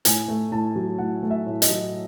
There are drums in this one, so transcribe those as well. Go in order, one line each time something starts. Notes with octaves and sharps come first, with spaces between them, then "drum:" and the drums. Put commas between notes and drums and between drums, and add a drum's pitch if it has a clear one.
A2 G#5, drum: hi-hat
A3
A2 A5
F#3
A2 F#5
A3
E5
A2
D#5, drum: hi-hat
F#3